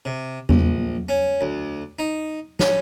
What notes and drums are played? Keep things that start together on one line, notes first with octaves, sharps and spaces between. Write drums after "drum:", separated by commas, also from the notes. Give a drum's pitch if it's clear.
C3
A#1, drum: tom E2
C#4
D2
D#4
C#4, drum: snare